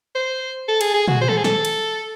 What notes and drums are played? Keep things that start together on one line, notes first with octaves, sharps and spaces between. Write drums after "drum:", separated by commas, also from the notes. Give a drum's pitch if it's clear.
C5
A4
G#4, drum: cymbal
G#4
F#4, drum: tom
C5
A4, drum: tom D#3
G#4
A4, drum: snare
drum: cymbal